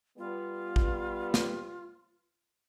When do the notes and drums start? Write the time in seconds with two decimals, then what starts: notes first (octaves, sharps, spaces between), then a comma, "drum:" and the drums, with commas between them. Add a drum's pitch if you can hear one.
0.18 G3 B3 F4
0.76 drum: kick A1
1.34 drum: snare